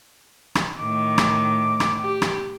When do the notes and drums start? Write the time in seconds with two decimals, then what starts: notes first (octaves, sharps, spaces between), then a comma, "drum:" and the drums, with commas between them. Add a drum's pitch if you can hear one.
0.55 drum: rim click
0.78 A2 D#3 D6
1.18 drum: rim click
1.80 drum: rim click
2.01 G4
2.22 drum: rim click